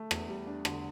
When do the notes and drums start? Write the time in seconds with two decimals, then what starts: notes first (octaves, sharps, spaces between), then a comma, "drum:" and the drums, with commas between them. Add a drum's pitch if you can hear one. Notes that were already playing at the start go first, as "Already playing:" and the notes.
Already playing: A3
0.11 E2, drum: rim click
0.29 G3
0.47 D4
0.65 D3, drum: rim click